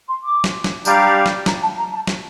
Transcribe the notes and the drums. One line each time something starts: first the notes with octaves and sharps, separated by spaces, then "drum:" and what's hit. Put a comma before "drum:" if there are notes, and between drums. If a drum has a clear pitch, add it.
C6
D6
drum: snare
drum: snare
G3 D4 G4 D5 F5 A#5, drum: tambourine
drum: snare
A#5, drum: snare
A5
A#5
A5
drum: snare